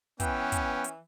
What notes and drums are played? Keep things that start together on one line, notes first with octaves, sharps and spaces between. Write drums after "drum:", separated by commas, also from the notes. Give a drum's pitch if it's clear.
E3 B3 C#4 G5, drum: kick, hi-hat
drum: kick, hi-hat
drum: hi-hat